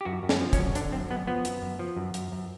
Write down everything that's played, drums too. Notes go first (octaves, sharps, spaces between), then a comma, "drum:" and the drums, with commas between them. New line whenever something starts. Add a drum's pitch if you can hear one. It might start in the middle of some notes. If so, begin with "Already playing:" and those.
G4
F#2 F#4
F#2
D4, drum: snare
F3
C#4, drum: kick, hi-hat
F#2
D3 D4, drum: hi-hat
F#2 C4
F#2 B3
F3 B3
F#2, drum: hi-hat
F#2
F3
F#2
F#2, drum: hi-hat
F#2